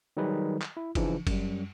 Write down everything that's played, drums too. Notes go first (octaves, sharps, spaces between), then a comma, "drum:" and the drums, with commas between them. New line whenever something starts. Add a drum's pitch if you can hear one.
D#3 F#3 G3 D#4 G#4 B4
drum: clap
E4
C#3 E3 F3 D4 D#4, drum: kick F#1, cymbal
F#2 G3, drum: kick F#1, cymbal